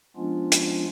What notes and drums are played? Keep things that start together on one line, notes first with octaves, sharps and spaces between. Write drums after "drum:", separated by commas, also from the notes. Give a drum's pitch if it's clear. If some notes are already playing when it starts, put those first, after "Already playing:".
F3 G#3 B3 C#4 D4 F4
drum: hi-hat